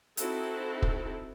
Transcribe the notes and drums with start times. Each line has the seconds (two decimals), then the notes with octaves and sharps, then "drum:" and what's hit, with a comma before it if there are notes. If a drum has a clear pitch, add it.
0.17 C4 D#4 E4 F#4 A4, drum: hi-hat
0.82 drum: kick